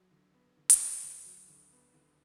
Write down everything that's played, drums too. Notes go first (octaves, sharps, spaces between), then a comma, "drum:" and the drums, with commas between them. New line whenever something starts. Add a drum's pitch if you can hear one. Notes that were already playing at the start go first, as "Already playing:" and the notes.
Already playing: F#3
D3
B3
D3
drum: hi-hat
B3
D2
F#3
D3
B3
D3